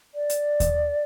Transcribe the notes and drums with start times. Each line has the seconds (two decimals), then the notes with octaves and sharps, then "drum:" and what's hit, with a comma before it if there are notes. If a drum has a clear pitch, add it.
0.15 D5
0.30 drum: hi-hat
0.60 drum: kick D#2, hi-hat